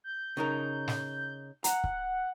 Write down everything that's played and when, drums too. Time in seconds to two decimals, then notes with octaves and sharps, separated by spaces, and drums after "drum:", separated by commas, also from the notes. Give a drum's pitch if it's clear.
0.04 G6
0.37 C#3 D#4 A#4
0.88 drum: snare
1.64 F#5 A#5, drum: hi-hat
1.84 drum: kick